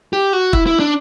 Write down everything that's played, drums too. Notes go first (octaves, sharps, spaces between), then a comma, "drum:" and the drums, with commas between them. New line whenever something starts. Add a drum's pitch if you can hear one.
G4
F#4
E4, drum: kick
E4
D4